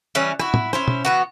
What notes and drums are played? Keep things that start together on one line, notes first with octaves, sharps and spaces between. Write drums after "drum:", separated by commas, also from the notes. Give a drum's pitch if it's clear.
E3 G3 C#4
E4 F#4, drum: rim click
drum: tom A2
C#4 E4 C5, drum: rim click
drum: tom B2
E3 B3 F#4